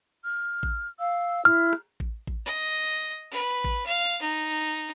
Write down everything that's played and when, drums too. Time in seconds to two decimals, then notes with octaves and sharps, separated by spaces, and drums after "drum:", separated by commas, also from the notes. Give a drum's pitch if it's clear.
0.25 F6
0.63 drum: kick A1
0.99 F5 E6
1.45 E4 F6
1.73 drum: rim click
2.00 drum: kick A1
2.27 drum: kick A1
2.46 D#5
3.32 B4
3.64 drum: kick A1
3.86 F5
4.22 D#4